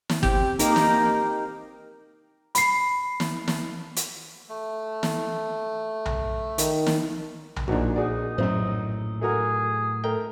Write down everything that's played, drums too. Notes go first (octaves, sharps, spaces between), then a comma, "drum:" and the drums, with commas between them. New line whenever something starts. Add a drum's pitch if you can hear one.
drum: snare
C4 G4, drum: kick
A#3 D#4 G4 A#4, drum: hi-hat
drum: snare
B5 C7, drum: hi-hat
drum: snare
drum: snare
drum: hi-hat
A3
drum: snare
drum: tom B1
D#3, drum: hi-hat
drum: snare
drum: tom B1
A#1 A#2 D4 D#4 F#4
D#4 F#4 G#4 D5
F#2 A2 F#3 C5
A3 F#4 G#4 A#4
A3 A#4 G5